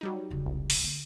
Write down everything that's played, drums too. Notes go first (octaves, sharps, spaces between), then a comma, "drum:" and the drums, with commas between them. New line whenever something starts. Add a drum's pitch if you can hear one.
F#3 G3 D#4
E1 C#3
C2
drum: open hi-hat
D3 A#3